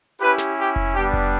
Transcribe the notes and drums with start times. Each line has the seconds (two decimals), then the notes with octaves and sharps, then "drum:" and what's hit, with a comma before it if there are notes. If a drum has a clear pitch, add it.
0.19 C#4 E4 G4 B4
0.38 drum: snare
0.57 G4
0.76 drum: kick F1
0.94 G3 B3 D4 G4
1.13 drum: kick F1